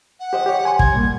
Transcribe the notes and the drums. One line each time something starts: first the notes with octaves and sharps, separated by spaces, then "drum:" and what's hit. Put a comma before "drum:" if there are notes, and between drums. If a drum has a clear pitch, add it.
F#5
G4 C5 D#5
G4 C#5
G#5 C6
G#6, drum: kick
G3 A#3